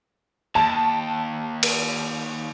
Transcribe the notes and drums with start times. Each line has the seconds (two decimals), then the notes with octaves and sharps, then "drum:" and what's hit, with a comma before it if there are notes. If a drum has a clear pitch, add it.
0.55 D#2 A5
1.63 drum: cymbal